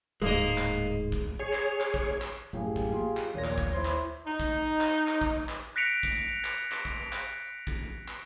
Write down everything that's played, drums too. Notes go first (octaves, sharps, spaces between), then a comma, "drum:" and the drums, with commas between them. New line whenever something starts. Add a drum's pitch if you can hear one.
D1 G#2 G#3 A#3 D#5
drum: clap
drum: kick
G#4 C#5
drum: clap
drum: clap
drum: kick
drum: clap
F#2 A2 F#3 G4 G#4 F5
drum: kick
A#3 F4
drum: clap
A#1 D#2 A#2 C#5 A#6
drum: clap
drum: kick
E4 C5 C6
drum: clap
D#4
drum: kick
drum: clap
drum: clap
drum: kick
drum: clap
F#6 A#6 B6 C#7 D7 F7
drum: kick
drum: clap
drum: clap
drum: kick
drum: clap
drum: kick
drum: clap